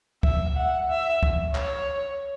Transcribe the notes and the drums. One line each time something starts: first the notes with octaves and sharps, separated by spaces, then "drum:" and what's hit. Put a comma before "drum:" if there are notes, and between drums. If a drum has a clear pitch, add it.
E5, drum: kick C#2
F#5
E5
drum: kick C#2
C#5, drum: clap